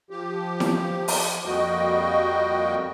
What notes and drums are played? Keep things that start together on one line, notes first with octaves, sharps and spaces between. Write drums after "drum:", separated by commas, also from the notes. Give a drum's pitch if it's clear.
F3 G4
drum: snare E4
drum: open hi-hat
F2 G3 A#3 F#4 D#5 G5